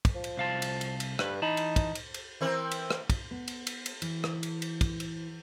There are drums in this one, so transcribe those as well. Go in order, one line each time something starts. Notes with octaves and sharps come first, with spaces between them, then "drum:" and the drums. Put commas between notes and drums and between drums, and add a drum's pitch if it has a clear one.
drum: kick, cymbal
F3
drum: cymbal
C2 F5 A5
drum: cymbal
drum: cymbal
drum: cymbal
G2 B4, drum: rim click
E3 D#4 A5 B5
drum: cymbal
drum: kick, cymbal
drum: cymbal
drum: cymbal
E3 C4 A#4
drum: cymbal
drum: rim click
drum: kick, cymbal
B3
drum: cymbal
drum: cymbal
drum: cymbal
E3, drum: cymbal
drum: rim click
drum: cymbal
drum: cymbal
drum: kick, cymbal
drum: cymbal